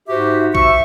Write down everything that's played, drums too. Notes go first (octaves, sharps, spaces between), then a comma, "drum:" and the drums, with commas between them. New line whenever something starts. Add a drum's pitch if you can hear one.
G#2 F#4 G4 C5 E5
E5 C#6, drum: kick A#1